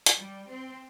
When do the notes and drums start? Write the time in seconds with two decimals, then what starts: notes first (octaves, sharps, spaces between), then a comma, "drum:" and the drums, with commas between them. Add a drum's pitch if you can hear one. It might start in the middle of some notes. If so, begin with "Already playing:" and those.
0.06 drum: hi-hat
0.16 G3
0.48 C4